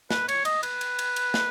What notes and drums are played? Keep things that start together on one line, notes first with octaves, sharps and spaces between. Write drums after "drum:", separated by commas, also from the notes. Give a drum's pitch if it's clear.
B4, drum: snare
C#5, drum: cymbal
D#5, drum: cymbal
B4, drum: cymbal
drum: cymbal
drum: cymbal
drum: cymbal
drum: snare